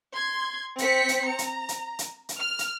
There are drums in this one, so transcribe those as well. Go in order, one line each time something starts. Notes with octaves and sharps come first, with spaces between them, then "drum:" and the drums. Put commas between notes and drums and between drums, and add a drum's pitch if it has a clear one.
C6 G#6
C4 B6 C#7, drum: hi-hat
drum: hi-hat
A#5
drum: hi-hat
drum: hi-hat
drum: hi-hat
drum: hi-hat
F6
drum: hi-hat